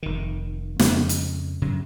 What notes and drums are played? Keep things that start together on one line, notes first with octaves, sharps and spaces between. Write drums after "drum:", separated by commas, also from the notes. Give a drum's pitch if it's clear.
F1 D#3
F2 C#3 F3 G#3, drum: snare
drum: hi-hat
F#2 C#3 F#3